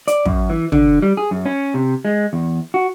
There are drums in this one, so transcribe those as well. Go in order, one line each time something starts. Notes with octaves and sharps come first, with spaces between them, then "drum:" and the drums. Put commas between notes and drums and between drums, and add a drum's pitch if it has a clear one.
D5, drum: hi-hat
F#2, drum: kick
E3
D3, drum: tom
G3
G#4
F#2
C#4
C3
G#3
E2
F#4